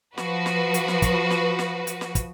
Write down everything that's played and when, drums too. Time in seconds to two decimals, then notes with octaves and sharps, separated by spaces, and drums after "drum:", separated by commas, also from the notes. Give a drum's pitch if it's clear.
0.17 F3 F#4 B4, drum: snare
0.46 drum: snare
0.74 drum: hi-hat
0.88 drum: snare
1.02 drum: kick, hi-hat
1.30 drum: snare
1.59 drum: snare
1.87 drum: hi-hat
2.01 drum: snare
2.15 drum: kick, hi-hat